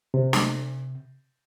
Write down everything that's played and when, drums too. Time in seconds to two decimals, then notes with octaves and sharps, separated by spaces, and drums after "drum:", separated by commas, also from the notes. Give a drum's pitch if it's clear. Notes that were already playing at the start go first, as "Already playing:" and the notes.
0.14 C3
0.33 drum: snare